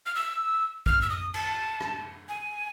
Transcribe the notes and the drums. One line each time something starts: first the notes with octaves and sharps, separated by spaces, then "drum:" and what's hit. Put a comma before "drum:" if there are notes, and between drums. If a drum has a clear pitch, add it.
F6
E6
F6, drum: kick
E6
D#6
A5, drum: cymbal
drum: rim click
G#5